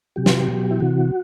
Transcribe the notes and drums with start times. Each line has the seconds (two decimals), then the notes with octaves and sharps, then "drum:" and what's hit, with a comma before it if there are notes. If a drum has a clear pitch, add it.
0.16 C3 F#3 G4
0.26 drum: snare
0.48 B2 F#3
0.71 E4
0.80 C3 E3 F#4